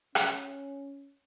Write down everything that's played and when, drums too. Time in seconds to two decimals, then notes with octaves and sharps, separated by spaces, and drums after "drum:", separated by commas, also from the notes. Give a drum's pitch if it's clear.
0.15 C#4, drum: rim click